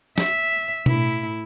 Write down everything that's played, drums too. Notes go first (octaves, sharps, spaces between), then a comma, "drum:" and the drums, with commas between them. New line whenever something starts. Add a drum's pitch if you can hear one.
E5, drum: snare
A2 E4, drum: tom B2